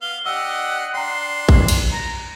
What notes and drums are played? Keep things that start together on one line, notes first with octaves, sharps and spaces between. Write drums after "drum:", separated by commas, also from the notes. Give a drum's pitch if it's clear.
B3 F5 G7
D4 G4 D#5 F#5 E6
D4 G5 A#5 C6 C7
drum: kick
drum: cymbal
A#5